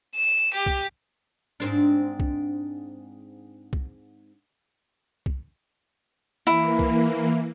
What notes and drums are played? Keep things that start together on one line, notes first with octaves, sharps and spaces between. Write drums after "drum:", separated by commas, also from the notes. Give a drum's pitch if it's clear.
E7
G4
drum: kick C2
G#2 C4 D4
drum: kick C2
drum: kick C2
drum: kick C2
E3 A#3 E4
drum: kick C2